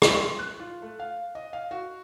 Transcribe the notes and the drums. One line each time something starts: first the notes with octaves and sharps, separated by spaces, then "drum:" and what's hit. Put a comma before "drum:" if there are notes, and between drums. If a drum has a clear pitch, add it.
drum: rim click
C6
F#6
F4
A3
F5
D#5
F5
F#4